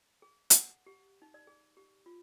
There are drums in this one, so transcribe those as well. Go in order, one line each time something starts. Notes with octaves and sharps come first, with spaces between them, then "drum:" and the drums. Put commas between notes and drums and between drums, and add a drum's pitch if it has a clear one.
G#4
F#5, drum: hi-hat
G4
D#4
D5
G#4
G4
F4